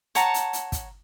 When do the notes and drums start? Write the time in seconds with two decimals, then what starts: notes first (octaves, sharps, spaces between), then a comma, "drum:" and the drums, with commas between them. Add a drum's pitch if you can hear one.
0.15 C#5 F#5 A5 A#5, drum: hi-hat
0.34 drum: hi-hat
0.53 drum: hi-hat
0.72 drum: kick, hi-hat